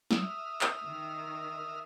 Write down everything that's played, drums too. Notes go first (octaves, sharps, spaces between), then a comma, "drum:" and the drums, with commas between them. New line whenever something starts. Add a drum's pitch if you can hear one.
E5 D#6 F6, drum: snare
drum: clap
D#3